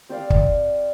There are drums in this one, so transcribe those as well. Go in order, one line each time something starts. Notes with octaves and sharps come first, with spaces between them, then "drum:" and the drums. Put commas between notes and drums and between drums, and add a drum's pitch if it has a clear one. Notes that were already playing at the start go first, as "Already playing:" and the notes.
C4 G4 D5 F5
drum: kick